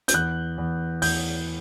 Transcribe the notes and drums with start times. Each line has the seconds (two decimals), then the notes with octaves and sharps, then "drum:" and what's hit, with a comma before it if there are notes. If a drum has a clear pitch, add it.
0.08 G6, drum: hi-hat
0.14 E2 F#6
0.58 E2
1.02 E2 G6, drum: open hi-hat